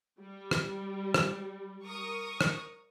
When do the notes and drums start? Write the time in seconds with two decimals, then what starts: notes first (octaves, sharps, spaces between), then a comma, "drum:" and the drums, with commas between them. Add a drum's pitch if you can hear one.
0.20 G3
0.51 drum: rim click
1.14 drum: rim click
1.85 A#4 C#6 D#6
2.41 drum: rim click